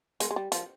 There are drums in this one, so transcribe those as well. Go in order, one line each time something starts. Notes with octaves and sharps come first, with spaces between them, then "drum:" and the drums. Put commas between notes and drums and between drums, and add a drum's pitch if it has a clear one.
G#3, drum: hi-hat
G#3
G3
F3, drum: hi-hat